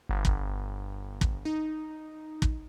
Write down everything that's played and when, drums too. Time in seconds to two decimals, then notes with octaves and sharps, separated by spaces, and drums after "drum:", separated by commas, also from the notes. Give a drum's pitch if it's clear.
0.09 G1
0.25 drum: kick
1.21 drum: kick
1.45 D#4
2.42 drum: kick